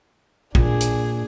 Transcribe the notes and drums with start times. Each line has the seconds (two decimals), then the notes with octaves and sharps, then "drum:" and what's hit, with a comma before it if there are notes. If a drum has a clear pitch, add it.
0.55 A#2 D4 G#4, drum: kick A#1
0.81 drum: hi-hat